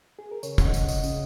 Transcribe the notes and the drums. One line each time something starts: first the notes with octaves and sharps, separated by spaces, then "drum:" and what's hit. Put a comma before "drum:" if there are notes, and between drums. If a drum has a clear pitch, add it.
G#4
A#4
C#3 C#5, drum: tambourine
C#3 F#5, drum: kick, tambourine
D#5
C#2, drum: tambourine
C#2 D#5, drum: tambourine
C#3, drum: tambourine